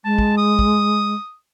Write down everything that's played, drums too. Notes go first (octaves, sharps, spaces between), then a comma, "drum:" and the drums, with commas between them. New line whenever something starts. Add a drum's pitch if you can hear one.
G#3 A5
drum: kick
D#6
drum: kick